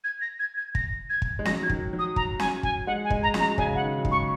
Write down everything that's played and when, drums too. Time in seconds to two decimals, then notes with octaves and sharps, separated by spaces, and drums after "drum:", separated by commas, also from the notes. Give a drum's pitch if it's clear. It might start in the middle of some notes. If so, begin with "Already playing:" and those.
0.04 G#6
0.21 A#6
0.39 G#6
0.57 G#6
0.75 A#6, drum: kick
1.10 G#6
1.22 drum: kick
1.39 G#3
1.45 F#3 A#6, drum: snare C#4
1.62 F#3 G#6
1.70 D#3, drum: kick
1.93 F#3
1.99 D#6
2.16 A#5, drum: kick
2.39 G#5, drum: snare C#4
2.63 G#5, drum: kick
2.87 G#3 F#5
3.04 G#5
3.10 G#3, drum: kick
3.23 A#5
3.34 F#3, drum: snare C#4
3.40 A#5
3.58 C#3 G#5, drum: kick
3.75 F#5
3.81 D#3
3.98 F#3
4.05 G#3, drum: kick
4.11 C#6